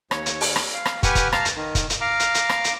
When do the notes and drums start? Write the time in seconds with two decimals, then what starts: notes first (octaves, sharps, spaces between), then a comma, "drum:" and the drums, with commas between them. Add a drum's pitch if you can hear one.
0.11 D#2 C#5, drum: rim click
0.26 drum: hi-hat
0.41 drum: open hi-hat
0.56 drum: rim click
0.74 F5
0.85 drum: rim click
1.03 G4 B4 F#5 G#5 C#6 F6, drum: kick, hi-hat
1.15 drum: kick, hi-hat
1.32 F5 A5 A#5 F6, drum: rim click
1.45 drum: hi-hat
1.56 D#3
1.75 drum: kick, hi-hat
1.90 drum: hi-hat
2.01 F5 A#5 D6 F6
2.20 drum: hi-hat
2.35 drum: hi-hat
2.49 drum: rim click
2.64 drum: hi-hat